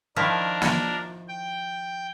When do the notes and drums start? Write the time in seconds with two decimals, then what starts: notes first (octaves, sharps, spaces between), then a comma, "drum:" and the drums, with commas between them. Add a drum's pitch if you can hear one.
0.16 D#3 F3 D4 E4 A#4
0.62 drum: snare
1.28 G5